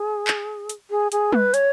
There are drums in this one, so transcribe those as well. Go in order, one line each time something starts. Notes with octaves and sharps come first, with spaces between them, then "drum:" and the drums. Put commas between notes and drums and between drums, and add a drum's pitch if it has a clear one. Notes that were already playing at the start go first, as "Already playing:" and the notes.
Already playing: G#4
drum: clap
drum: hi-hat
G#4
G#4, drum: hi-hat
B4, drum: tom G3
C#5, drum: hi-hat